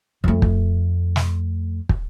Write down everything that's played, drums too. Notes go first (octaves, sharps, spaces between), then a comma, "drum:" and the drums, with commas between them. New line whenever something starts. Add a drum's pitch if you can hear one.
F2 A3
drum: kick
drum: snare
drum: kick